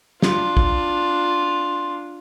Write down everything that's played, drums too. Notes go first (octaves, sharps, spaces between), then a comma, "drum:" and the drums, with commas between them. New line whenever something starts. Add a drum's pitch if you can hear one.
D4 F4, drum: snare
drum: kick